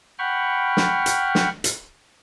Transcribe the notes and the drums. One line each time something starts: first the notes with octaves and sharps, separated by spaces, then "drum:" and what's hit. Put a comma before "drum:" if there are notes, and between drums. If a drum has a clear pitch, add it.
F#5 G5 B5 C#6 F6
drum: snare
drum: hi-hat
drum: snare
drum: hi-hat